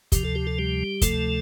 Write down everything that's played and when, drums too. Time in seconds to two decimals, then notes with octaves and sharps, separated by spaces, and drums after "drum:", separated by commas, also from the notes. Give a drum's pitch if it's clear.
0.12 D2 C3 F3 G4, drum: kick, hi-hat
0.25 A4
0.35 G4
0.47 A4
0.58 G3 G4
1.02 D2 C3 F3 A3 A4, drum: kick, hi-hat